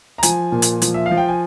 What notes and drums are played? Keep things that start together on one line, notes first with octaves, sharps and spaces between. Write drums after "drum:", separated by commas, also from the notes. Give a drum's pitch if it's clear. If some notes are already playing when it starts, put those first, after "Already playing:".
A#5
F3 G#5, drum: hi-hat
A#2
drum: hi-hat
F3, drum: hi-hat
E5
F5
F3
G5
G#5